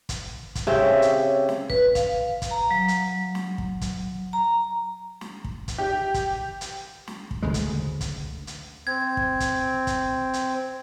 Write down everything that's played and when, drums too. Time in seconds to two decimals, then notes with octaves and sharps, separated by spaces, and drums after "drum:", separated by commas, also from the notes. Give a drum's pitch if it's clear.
0.09 drum: kick, hi-hat
0.55 drum: kick, hi-hat
0.67 C#3 C4 G4 C#5 E5
1.02 drum: hi-hat
1.49 drum: snare
1.70 B4, drum: kick
1.95 F5, drum: kick, hi-hat
2.42 drum: kick, hi-hat
2.51 A#5
2.71 F#3
2.88 drum: hi-hat
3.35 drum: snare
3.58 drum: kick
3.81 drum: kick, hi-hat
4.33 A#5
5.21 drum: snare
5.44 drum: kick
5.68 drum: kick, hi-hat
5.78 G4
6.14 drum: kick, hi-hat
6.61 drum: hi-hat
7.07 drum: snare
7.31 drum: kick
7.43 D2 C#3 G#3
7.54 drum: kick, hi-hat
8.01 drum: kick, hi-hat
8.47 drum: hi-hat
8.87 C4 G#6
9.17 drum: kick
9.40 drum: kick, hi-hat
9.87 drum: kick, hi-hat
10.33 drum: hi-hat